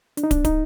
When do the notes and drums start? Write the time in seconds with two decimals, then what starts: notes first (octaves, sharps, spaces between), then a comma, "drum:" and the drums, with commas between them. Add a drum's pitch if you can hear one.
0.17 D4, drum: hi-hat
0.23 D#4
0.31 D4, drum: kick, hi-hat
0.45 D#4, drum: kick, hi-hat